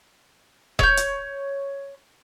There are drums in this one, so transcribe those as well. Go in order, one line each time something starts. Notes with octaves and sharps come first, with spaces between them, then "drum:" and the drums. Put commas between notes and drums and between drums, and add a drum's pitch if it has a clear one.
C#5 G6, drum: kick E1
drum: hi-hat